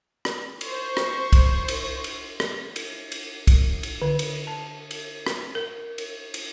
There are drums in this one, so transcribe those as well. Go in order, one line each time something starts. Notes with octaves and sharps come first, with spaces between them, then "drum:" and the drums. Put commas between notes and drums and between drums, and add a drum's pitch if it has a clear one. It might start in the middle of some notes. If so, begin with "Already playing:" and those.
drum: rim click
C5 C#6, drum: cymbal
drum: rim click
drum: kick, cymbal
drum: cymbal
drum: cymbal
drum: rim click
drum: cymbal
drum: cymbal
drum: kick, cymbal
drum: cymbal
D3
drum: cymbal
A5
drum: cymbal
drum: rim click
A#4
drum: cymbal
drum: cymbal